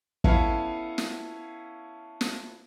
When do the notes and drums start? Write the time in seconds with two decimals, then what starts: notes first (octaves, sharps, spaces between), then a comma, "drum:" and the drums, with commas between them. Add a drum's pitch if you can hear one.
0.24 B3 C#4 E4 A4 F5, drum: kick
0.98 drum: snare
2.21 drum: snare